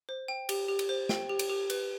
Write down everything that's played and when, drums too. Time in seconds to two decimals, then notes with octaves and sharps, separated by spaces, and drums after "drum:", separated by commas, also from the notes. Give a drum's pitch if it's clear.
0.09 C5
0.28 G5
0.49 G4, drum: cymbal
0.68 G4
0.79 drum: cymbal
0.89 C5
1.09 G5, drum: snare
1.29 G4
1.39 drum: cymbal
1.50 G4
1.70 B4, drum: cymbal